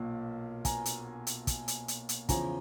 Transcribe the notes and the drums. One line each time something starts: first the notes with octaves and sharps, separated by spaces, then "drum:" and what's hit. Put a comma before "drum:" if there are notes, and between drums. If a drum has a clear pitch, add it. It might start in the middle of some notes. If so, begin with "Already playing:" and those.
Already playing: B1 A#2 A#3
G#5 A#5, drum: kick, hi-hat
drum: hi-hat
drum: hi-hat
drum: kick, hi-hat
drum: hi-hat
drum: hi-hat
drum: hi-hat
E2 C#3 F3 G#5 A#5, drum: kick, hi-hat